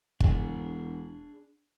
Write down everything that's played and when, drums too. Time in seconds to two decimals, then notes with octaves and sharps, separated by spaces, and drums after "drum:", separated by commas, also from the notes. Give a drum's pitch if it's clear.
0.20 E1 D4 G#4, drum: kick